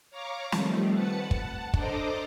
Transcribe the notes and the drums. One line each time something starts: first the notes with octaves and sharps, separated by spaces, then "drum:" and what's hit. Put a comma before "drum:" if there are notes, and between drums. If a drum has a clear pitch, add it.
C#5 F5 A#5 C#6 D6
D#3 F3 G3 A3 C4, drum: snare
B4 F#5 A5 C#7
F#5 A5, drum: kick
D4 A4 C5 D#5 A#5 D6, drum: kick